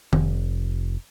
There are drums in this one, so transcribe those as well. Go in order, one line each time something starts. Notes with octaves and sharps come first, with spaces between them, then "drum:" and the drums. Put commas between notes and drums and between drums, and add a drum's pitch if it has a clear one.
F1, drum: tom D#3